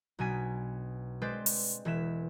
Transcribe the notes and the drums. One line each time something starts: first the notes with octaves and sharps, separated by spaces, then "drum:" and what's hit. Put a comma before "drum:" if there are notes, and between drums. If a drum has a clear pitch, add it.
B1 B2 D4 G#5 B6
G#3 C4 B4 C5 D5
drum: open hi-hat
E1 E3 B6 E7